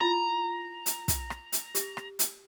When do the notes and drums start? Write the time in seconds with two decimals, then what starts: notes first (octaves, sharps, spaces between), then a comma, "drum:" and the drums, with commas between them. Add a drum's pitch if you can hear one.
0.01 E4 F4 A#5
0.86 drum: hi-hat
1.08 drum: kick, hi-hat
1.30 drum: rim click
1.52 drum: hi-hat
1.75 G4, drum: hi-hat
1.97 drum: rim click
2.19 drum: hi-hat